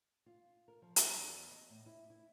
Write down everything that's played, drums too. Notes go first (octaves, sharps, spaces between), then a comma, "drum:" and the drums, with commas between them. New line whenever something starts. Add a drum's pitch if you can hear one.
F4
A#4
F3
D#4, drum: hi-hat
E2
D#5
A2
E4
E4